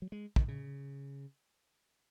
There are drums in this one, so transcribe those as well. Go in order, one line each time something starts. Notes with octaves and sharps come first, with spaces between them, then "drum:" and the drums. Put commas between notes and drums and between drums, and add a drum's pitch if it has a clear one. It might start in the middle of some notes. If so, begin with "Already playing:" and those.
F#3
G#3
D#3, drum: kick
C#3